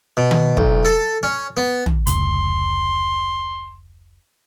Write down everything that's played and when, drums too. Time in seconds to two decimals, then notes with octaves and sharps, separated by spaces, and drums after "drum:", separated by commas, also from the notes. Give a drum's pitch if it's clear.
0.17 B2
0.31 drum: tom D#3
0.57 B1, drum: kick
0.85 A4
1.23 C#4
1.57 B3
1.86 drum: tom
2.07 F1 C#2 C6, drum: hi-hat